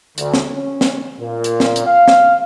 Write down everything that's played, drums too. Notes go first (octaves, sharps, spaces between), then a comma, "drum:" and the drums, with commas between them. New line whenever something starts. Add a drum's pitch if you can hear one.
D2, drum: hi-hat
drum: snare
C#4
drum: snare
A#2
drum: hi-hat
drum: snare
drum: hi-hat
F5
drum: snare